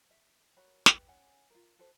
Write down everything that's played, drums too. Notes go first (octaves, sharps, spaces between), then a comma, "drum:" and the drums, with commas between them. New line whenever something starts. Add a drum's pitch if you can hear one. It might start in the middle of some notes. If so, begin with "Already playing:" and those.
E5
F#4 A#4 C#5 B5
B4 G5, drum: snare
C#4 F#5 G#5
F4 A#4
F#4 A4 B4 C5